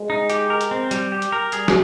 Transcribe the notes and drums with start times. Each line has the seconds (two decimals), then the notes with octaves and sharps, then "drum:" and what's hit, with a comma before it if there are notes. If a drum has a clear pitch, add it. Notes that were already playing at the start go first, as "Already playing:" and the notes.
Already playing: G#3
0.10 D#4
0.30 G4, drum: hi-hat
0.50 A#4
0.61 drum: hi-hat
0.71 C4
0.91 G3, drum: hi-hat
1.12 G4
1.22 drum: hi-hat
1.32 A#4
1.52 G3 G#4, drum: hi-hat
1.68 drum: snare